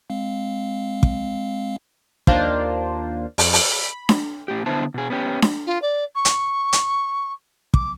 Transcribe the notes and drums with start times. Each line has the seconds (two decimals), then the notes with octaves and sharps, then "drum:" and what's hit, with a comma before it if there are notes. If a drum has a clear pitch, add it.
0.10 G#3 C4 F5
1.03 drum: kick
2.27 D#2 A#3 D4 F4 C5, drum: kick
3.38 F2, drum: open hi-hat
3.53 drum: open hi-hat
3.72 B5
4.09 drum: snare D4
4.48 A2 G4
4.66 D3 B3 D4 E4 C5 A5
4.94 B2 G#4
5.10 B3 C#4 G4
5.42 drum: snare D4
5.66 F4
5.82 D5
6.15 C#6
6.25 drum: hi-hat
6.73 drum: hi-hat
7.74 D6, drum: kick